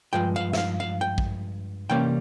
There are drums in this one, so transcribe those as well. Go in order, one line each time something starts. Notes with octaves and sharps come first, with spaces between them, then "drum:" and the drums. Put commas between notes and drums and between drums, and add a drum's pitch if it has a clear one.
G2 F3 G#3 G5
F5
E5, drum: snare
F5
F5
G5
drum: kick
C3 E3 G3 A#3 C#4 G5